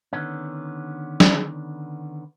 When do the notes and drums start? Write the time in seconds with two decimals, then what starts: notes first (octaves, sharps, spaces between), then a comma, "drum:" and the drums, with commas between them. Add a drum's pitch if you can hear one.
0.13 D3 D#3 B3 C#4
1.20 drum: snare